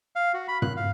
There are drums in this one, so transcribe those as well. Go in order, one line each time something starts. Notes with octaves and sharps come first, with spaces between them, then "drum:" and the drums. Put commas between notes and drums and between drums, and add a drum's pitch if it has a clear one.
F5
F#4
B5
F#6, drum: tom
F5